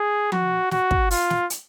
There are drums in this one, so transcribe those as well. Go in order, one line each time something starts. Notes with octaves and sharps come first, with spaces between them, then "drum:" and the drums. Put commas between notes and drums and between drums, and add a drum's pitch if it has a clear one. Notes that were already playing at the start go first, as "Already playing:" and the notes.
Already playing: G#4
F#4, drum: tom F3
F#4, drum: snare
drum: kick
F4, drum: open hi-hat
drum: snare
drum: hi-hat